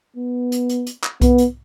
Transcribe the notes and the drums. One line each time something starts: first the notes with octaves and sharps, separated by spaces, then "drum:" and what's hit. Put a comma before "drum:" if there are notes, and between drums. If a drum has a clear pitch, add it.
B3
drum: hi-hat
drum: hi-hat
drum: hi-hat
drum: clap
B3, drum: kick B1, hi-hat
drum: hi-hat